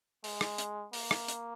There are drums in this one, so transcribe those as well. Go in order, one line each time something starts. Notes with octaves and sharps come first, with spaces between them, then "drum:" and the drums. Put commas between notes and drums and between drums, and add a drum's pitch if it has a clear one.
G#3, drum: open hi-hat
drum: rim click
drum: hi-hat
A#3, drum: open hi-hat
drum: rim click
drum: hi-hat